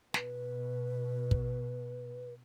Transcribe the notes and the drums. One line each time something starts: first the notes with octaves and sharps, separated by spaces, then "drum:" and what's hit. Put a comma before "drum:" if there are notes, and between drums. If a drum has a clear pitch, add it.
B2 B4, drum: snare
drum: kick